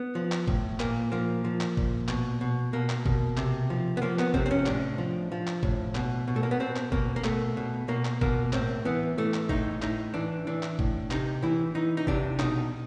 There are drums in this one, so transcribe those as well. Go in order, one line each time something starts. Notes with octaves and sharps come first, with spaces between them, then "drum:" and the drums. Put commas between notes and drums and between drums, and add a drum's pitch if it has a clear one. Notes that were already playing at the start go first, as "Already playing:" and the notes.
Already playing: B3
F3
drum: clap
A2, drum: kick
A#2 A#3, drum: clap
F3 A#3
F3
drum: clap
A#2, drum: kick
B2, drum: clap
B2
B2 A#3
drum: clap
B2, drum: kick
C3, drum: clap
F3
B3
F3 A#3
B3, drum: clap
C3 C4, drum: kick
C4
C#4
A2 D4, drum: clap
F3
F3
drum: clap
A2, drum: kick
B2, drum: clap
B2
A3
A#3
B3
B2 C4
drum: clap
B2 A#3, drum: kick
A#3
B2 A3, drum: clap
B2
B2 A#3
drum: clap
B2 A#3, drum: kick
A2 C4, drum: clap
E3 B3
E3 A3
drum: clap
A2 D#4, drum: kick
A2 D#4, drum: clap
E3 D4
E3 D4
drum: clap
A2, drum: kick
C3 D#4, drum: clap
E3 E4
E3 D#4
D#4
C3 D4, drum: kick
B2 D#4, drum: clap